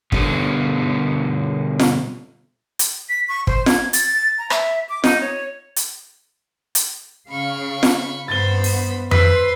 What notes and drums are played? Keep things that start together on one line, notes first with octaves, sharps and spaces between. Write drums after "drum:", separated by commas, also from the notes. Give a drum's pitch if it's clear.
B2 D3 G3 B3, drum: kick
drum: snare F4
drum: hi-hat
B6
C#6
C5, drum: kick
G#6, drum: snare F4
A6, drum: hi-hat
A#5
E5, drum: rim click
D6
D#4, drum: snare F4
C#5
drum: hi-hat
drum: hi-hat
C#3 F5 B5 C#6
drum: snare F4
G2 B3 C5 B5 A6 G7
drum: open hi-hat
B4 C5 B5 C6 E6 B6, drum: tom F2